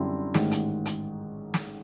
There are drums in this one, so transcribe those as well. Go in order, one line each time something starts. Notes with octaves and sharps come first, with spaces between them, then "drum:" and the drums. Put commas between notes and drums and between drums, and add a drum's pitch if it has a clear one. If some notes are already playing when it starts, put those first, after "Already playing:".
Already playing: F#2 D3 G3 C4 E4
A1 G#2 D#3, drum: snare
drum: hi-hat
drum: hi-hat
drum: snare